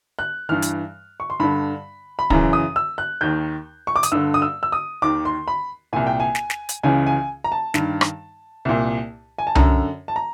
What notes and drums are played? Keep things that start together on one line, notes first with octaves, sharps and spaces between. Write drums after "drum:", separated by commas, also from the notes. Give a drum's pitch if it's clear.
F#6
G2 E3 F6
drum: hi-hat
C#6
C6
G2 D3 B5
B5
F#2 C#3 E3 A#5, drum: kick
D#6
E6
F#6
D#2 D#3 G6
C#6
D6
D#6, drum: hi-hat
G2 D3 E6
D#6
E6
E6
D#6
D#2 D#3 D6
C6
B5
C2 A#2 G#5
G5
G#5
drum: snare
drum: snare
drum: hi-hat
C#2 C#3 E3 G#5
G#5
A#5
A5
G2 D#3, drum: snare
drum: rim click
C2 A#2
G#5
A5
F#2 D3 A#5, drum: tom C2
A5
A#5